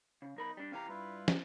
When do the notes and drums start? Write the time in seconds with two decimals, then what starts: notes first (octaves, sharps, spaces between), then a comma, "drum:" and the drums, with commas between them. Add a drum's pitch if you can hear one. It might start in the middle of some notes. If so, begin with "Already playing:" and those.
0.22 C#3
0.37 B1 D#4 A#4 B5
0.57 G3 D4
0.72 C3 E3 G4 F5 A#5
0.89 G2 E4 F4 B4
1.28 drum: snare